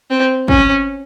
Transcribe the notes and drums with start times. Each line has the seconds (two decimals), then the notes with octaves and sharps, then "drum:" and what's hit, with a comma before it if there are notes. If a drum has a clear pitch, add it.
0.10 C4
0.48 C#4, drum: kick